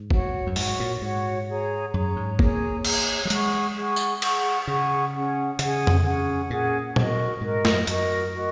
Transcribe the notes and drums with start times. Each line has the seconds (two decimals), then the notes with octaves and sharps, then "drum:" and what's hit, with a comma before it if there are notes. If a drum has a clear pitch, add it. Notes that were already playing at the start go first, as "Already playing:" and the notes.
Already playing: G#2
0.10 F#4 C#5 F#5, drum: kick
0.47 F#2
0.56 G#2 F#4 C#5 F#5, drum: open hi-hat
0.80 A#2
1.02 G#2 F#4 C#5 F#5
1.48 G#4 C#5 A#5
1.93 F#2 G#4 C#5 A#5
2.16 G#2
2.39 A#3 G#4 C#5 A#5, drum: kick
2.85 G#4 C#5 A#5, drum: cymbal
3.25 F#3
3.30 G#3 G#4 F#5 C#6, drum: hi-hat
3.76 G#4 F#5 C#6
3.96 drum: tambourine
4.22 G#4 F#5 C#6, drum: cymbal
4.67 C#3 G#4 F#5 C#6
5.13 C#4 G#4 F#5
5.59 C#3 C#4 G#4 F#5, drum: hi-hat
5.87 drum: tom F2
6.05 C#4 G#4 F#5
6.50 A#2 C#4 G#4 F#5
6.96 F#4 A#4 D#5, drum: tom A#2
7.41 G#2 F#4 A#4 D#5
7.65 F#2, drum: snare
7.87 F#2 F#4 A#4 D#5, drum: hi-hat
8.33 F#4 A#4 D#5